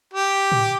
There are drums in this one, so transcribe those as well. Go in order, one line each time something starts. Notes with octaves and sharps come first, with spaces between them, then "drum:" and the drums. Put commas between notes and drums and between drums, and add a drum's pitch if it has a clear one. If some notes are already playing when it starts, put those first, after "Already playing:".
G4
drum: tom